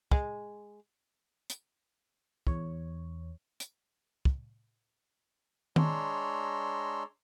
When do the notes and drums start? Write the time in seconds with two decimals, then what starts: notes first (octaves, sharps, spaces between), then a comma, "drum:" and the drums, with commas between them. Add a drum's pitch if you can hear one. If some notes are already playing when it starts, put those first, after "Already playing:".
0.12 G#3, drum: kick
1.50 drum: hi-hat
2.47 E2 C#5, drum: kick
3.60 drum: hi-hat
4.25 drum: kick
5.76 G#3 D4 C#5 A#5 C6 E6, drum: tom D#3